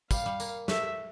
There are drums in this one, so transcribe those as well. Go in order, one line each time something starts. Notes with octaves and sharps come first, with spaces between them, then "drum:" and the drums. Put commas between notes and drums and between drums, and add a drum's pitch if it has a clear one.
G3 F5, drum: kick, tambourine
G3
A#3, drum: tambourine
A3 E5, drum: snare